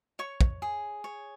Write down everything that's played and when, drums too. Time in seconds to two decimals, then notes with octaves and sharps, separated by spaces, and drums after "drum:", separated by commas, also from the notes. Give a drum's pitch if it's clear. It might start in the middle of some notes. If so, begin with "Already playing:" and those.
0.19 C#5 C#6
0.41 drum: kick
0.62 G#4
1.04 C#5